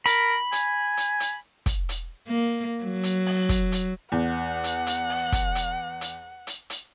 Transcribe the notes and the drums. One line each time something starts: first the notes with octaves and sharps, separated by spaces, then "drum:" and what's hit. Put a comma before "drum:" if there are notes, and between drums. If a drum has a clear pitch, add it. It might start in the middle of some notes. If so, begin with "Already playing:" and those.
A#4 B5, drum: hi-hat
G#5, drum: hi-hat
drum: hi-hat
drum: hi-hat
drum: kick, hi-hat
drum: hi-hat
A#3
F#3
drum: hi-hat
drum: open hi-hat
drum: kick, hi-hat
drum: hi-hat
E2 F#5
drum: hi-hat
drum: hi-hat
drum: open hi-hat
drum: kick, hi-hat
drum: hi-hat
drum: hi-hat
drum: hi-hat
drum: hi-hat